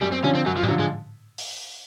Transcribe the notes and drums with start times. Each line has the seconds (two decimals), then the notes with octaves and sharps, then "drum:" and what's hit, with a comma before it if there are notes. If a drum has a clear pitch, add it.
0.01 F#2 G3
0.12 C4
0.23 D3 F3 C#4
0.35 C4
0.46 F#2 F#3
0.57 F3
0.63 G3, drum: tom G#2
0.68 D3 F3 F#3
0.79 G#3
1.38 drum: open hi-hat